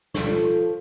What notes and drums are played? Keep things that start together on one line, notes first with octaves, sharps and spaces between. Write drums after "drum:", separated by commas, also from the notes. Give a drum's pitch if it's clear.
F3 A4 C#5, drum: snare